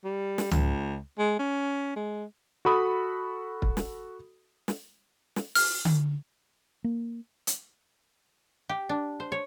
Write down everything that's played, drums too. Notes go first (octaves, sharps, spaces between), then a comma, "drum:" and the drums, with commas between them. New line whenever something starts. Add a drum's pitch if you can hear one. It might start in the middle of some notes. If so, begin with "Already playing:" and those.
G3
drum: snare
C#2, drum: tom C#2
G#3
C#4
G#3
F#4 A4 B5 D#6
drum: kick
drum: snare
drum: snare
drum: snare
F6, drum: open hi-hat
drum: tom D3
A#3
drum: hi-hat
G4
D4
C5
C#5